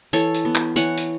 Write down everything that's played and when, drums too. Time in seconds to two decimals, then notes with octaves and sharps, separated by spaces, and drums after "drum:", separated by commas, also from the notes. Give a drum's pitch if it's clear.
0.13 E3 A4 C#5, drum: hi-hat
0.34 drum: hi-hat
0.45 B3
0.55 drum: clap
0.76 E3 C#5 F#5, drum: hi-hat
0.97 drum: hi-hat